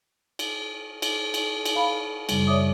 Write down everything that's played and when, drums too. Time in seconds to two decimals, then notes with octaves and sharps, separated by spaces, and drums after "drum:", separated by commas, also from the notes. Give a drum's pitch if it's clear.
0.39 drum: cymbal
1.02 drum: cymbal
1.34 drum: cymbal
1.66 drum: cymbal
1.75 F5 B5
2.29 F#2 C#3 G3, drum: cymbal
2.47 C#5 D5 E5 D6 D#6